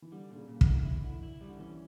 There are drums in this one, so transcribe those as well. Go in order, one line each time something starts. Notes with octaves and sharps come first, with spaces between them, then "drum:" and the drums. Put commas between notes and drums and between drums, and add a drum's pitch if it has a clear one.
E3
D3 G3
A#2
C#3
A#2
D3, drum: kick
E4
E3 E4
D3 E4
E3
E4
G3
D3
E3 C#4